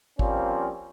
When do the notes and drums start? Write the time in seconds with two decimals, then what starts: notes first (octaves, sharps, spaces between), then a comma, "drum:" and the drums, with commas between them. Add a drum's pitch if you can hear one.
0.19 F3 G3 A#3 C4 C#4, drum: kick